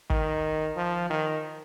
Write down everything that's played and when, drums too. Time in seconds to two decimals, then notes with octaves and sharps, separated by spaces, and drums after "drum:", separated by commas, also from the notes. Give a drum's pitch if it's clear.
0.10 D#3, drum: kick
0.76 F3
1.10 D#3